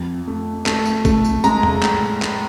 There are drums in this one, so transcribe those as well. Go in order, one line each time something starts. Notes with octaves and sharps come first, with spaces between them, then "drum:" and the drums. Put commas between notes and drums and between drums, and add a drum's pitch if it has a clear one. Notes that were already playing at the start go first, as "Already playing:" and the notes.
Already playing: F2
A3
A3, drum: clap
drum: tambourine
A3, drum: kick A1, tambourine
drum: tambourine
G#3 A#5, drum: tambourine
drum: tom E2
A2, drum: clap
A2, drum: clap